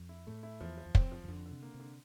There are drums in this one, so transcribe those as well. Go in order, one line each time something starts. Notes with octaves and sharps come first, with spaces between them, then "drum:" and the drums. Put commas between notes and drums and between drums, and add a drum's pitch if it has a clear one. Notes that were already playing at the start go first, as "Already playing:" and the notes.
Already playing: F2
E4
A2 A3
E4
E2 F3
F3
E2
F2 C4, drum: kick
F3
E2
F2 D3
D3
C3
A#3
C3
D3